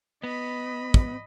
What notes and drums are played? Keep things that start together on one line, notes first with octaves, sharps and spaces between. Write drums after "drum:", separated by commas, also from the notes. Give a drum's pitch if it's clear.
B3 D#5 B5
drum: kick